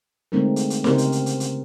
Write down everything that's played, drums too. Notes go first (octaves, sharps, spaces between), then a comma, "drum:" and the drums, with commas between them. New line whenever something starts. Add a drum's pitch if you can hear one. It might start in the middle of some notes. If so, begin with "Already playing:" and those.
D3 G#3 A3 C4 D#4 A#4
drum: hi-hat
drum: hi-hat
C#3 C4 C#4 G4 A#4 C5, drum: snare
drum: hi-hat
drum: hi-hat
drum: hi-hat
drum: hi-hat